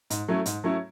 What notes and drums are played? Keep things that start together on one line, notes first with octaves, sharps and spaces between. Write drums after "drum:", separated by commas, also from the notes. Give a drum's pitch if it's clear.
G#2, drum: hi-hat
F#3 A3 C#4 E4
G#2, drum: hi-hat
F#3 A3 C#4 E4